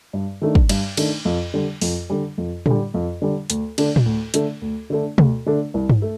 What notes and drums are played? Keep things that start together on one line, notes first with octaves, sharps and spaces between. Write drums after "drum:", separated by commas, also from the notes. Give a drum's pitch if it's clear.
G2
D#3 A3 D4
drum: kick
G2, drum: cymbal
D#3 A3 D4, drum: cymbal
F2
D3 G3
F2, drum: open hi-hat
D3 G3
F2
D3 G3, drum: tom A2
F2
D3 G3
D2, drum: hi-hat
D3 A3 D4, drum: cymbal
drum: tom A2
D2
D3 A3 D4, drum: hi-hat
D2
D3 A3 D4
D2, drum: tom
D3 A3 D4
C2
drum: tom
A3